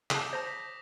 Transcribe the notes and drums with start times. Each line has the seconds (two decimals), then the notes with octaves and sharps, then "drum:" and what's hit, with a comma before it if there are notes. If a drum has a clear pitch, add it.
0.10 C#3 A5 D6 D#6 G6, drum: clap
0.33 C5 A5 A#6
0.46 B6